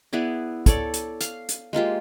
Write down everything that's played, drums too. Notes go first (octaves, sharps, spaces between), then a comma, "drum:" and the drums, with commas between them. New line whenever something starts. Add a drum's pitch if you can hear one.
B3 E4 G#4 D5
A4 C#5 D5, drum: kick, hi-hat
drum: hi-hat
F5, drum: hi-hat
drum: hi-hat
G#3 A#3 F4 G4